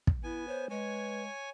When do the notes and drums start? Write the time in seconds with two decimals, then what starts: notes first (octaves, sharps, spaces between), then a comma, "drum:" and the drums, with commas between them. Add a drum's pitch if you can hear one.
0.07 drum: kick
0.23 B3 E4 G#5
0.48 C5 C#5
0.70 G#3 B4 C#5 G#5